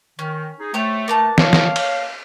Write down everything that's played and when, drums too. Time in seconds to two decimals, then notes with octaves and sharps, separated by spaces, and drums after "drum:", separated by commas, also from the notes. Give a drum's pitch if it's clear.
0.19 D#3 C#4
0.59 D#4 G#4
0.74 A3 G4 C5 C#5
1.08 A#3 B3 A5
1.38 C#5 F5, drum: snare
1.53 drum: snare
1.76 drum: cymbal